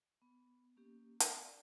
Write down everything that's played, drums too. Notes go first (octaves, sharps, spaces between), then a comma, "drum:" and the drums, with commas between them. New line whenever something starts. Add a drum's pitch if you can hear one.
B3
A#3 C#4 G4
D5, drum: hi-hat